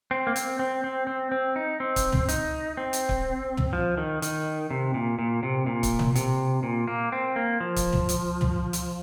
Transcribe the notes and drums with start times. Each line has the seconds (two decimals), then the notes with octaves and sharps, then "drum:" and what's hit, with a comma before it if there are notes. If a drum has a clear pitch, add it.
0.11 C4
0.27 A#3
0.36 C4, drum: hi-hat
0.59 C4
0.84 C4
1.07 C4
1.32 C4
1.56 D#4
1.80 C4
1.96 drum: kick C#1, hi-hat
2.12 drum: tom
2.29 D#4, drum: hi-hat
2.77 C4
2.93 drum: hi-hat
3.09 drum: kick C#1
3.57 drum: tom
3.73 F3
3.98 D#3
4.22 D#3, drum: hi-hat
4.71 C3
4.94 A#2
5.19 A#2
5.43 C3
5.67 A#2
5.83 drum: kick C#1, hi-hat
5.99 drum: tom
6.16 C3, drum: hi-hat
6.63 A#2
6.88 A#3
7.12 C4
7.36 A#3
7.60 F3
7.76 drum: kick C#1, hi-hat
7.93 drum: tom
8.09 drum: hi-hat
8.41 drum: tom
8.73 drum: hi-hat